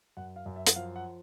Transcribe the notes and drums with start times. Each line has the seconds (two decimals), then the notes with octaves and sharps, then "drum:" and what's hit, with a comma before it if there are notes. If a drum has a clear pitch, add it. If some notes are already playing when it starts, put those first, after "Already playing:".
0.17 F#2 F#5
0.36 F5
0.46 F#2
0.56 E5
0.67 F#5, drum: hi-hat
0.76 F3 F5
0.96 F#5